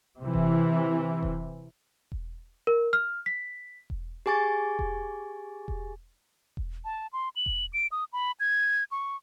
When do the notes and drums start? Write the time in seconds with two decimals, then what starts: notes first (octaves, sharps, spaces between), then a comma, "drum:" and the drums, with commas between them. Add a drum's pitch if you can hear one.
0.20 C3 E3
0.33 drum: kick E1
1.23 drum: kick E1
2.12 drum: kick E1
2.67 A#4
2.93 F6
3.26 B6
3.90 drum: kick E1
4.26 G4 G#4 G#5 C#6 A6
4.79 drum: kick E1
5.68 drum: kick E1
6.57 drum: kick E1
6.85 A5
7.13 C6
7.36 F#7
7.46 drum: kick E1
7.73 D7
7.92 D#6
8.13 B5
8.40 G#6
8.92 C#6